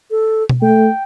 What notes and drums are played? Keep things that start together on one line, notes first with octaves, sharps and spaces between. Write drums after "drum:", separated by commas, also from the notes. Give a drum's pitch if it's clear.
A4
drum: tom B2
A3 G5